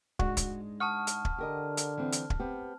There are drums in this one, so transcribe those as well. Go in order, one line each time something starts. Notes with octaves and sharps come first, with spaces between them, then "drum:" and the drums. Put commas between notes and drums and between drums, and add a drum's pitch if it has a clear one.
G#2 G#3 D4 F#4, drum: kick
drum: kick, hi-hat
F#5 A5 C#6 D#6 F6
drum: hi-hat
drum: kick
D3 G4 A#4 D#5
drum: hi-hat
E3 C4 F4
drum: hi-hat
drum: kick
B3 C4 G4